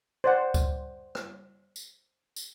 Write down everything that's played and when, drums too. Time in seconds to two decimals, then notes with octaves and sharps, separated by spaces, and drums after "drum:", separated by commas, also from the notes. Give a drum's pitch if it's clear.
0.24 C5 D5 F#5
0.54 drum: kick C#2, tambourine
1.15 drum: rim click
1.76 drum: tambourine
2.36 drum: tambourine